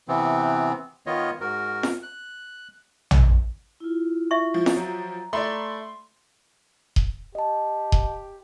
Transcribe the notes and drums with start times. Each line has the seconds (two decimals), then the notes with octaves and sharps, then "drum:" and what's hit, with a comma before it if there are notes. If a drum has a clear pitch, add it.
0.08 C3 E3 B3 C4
1.07 D#3 B3 F4 C#5 D#5
1.41 G#2 F#4 A#4
1.83 drum: snare
2.03 F#6
3.11 drum: tom
3.80 E4 F4
4.31 E5 C#6
4.54 F3
4.66 drum: snare
4.76 F#3 A#5
5.33 A3 D5 B5 C6
6.96 drum: kick D#1
7.35 G4 D#5 A5
7.92 drum: kick D#1